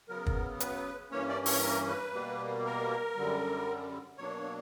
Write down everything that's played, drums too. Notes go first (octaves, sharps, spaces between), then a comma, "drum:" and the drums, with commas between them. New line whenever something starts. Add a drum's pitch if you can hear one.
C#3 F#3 B3 A#4
drum: kick
B4, drum: hi-hat
G2 E3 A#3 C#4 C#5
D5
C#5, drum: open hi-hat
A#4
B4
B2 G3 A#3
A#4
F#2 D3 G3
B2 F#3 A#3 D4 C#5